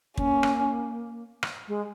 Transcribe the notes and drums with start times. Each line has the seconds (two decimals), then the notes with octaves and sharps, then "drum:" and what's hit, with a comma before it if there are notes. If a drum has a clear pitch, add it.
0.17 A#3 C#4, drum: kick
0.43 drum: rim click
1.43 drum: rim click
1.68 G#3